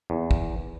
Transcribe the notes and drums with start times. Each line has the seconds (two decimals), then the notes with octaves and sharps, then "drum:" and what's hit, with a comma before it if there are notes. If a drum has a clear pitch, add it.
0.10 E2
0.31 drum: kick